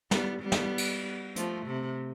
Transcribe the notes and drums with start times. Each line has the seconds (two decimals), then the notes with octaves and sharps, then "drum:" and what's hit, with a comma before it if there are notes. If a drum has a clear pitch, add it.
0.11 G3 B3, drum: snare
0.42 G3 B3
0.52 drum: snare
0.78 drum: cymbal
1.36 F3 A3, drum: hi-hat
1.67 C3